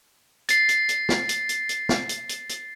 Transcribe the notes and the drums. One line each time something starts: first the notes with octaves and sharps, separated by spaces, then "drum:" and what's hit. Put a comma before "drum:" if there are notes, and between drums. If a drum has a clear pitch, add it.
A6 C7, drum: hi-hat
drum: hi-hat
drum: hi-hat
drum: snare
drum: hi-hat
drum: hi-hat
drum: hi-hat
drum: snare
drum: hi-hat
drum: hi-hat
drum: hi-hat